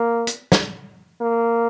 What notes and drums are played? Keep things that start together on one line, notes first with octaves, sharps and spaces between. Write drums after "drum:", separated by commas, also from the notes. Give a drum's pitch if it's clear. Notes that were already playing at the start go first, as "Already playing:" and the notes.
Already playing: A#3
drum: hi-hat
drum: snare
A#3